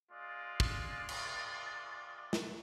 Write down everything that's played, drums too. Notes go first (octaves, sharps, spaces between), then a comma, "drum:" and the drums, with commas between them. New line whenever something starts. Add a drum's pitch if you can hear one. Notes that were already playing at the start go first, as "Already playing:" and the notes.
G#3 F4 D5
drum: kick
drum: cymbal
drum: snare